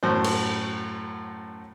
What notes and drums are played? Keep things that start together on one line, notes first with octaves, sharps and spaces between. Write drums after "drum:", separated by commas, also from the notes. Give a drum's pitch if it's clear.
F#2 A2 F#4 C5
drum: cymbal